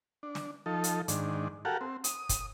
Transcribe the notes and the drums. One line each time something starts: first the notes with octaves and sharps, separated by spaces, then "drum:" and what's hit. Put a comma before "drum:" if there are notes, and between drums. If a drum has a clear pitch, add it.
D4
drum: snare
F3 D#4 A4
drum: hi-hat
G#2 D#3 D4, drum: hi-hat
F#4 G4 A4 A#4 F5 F#5
C4
D#6, drum: hi-hat
drum: kick, hi-hat